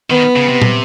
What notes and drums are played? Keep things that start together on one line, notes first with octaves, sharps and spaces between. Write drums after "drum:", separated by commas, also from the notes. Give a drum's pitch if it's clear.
D#3 B3
C#3
C3
drum: tom A#2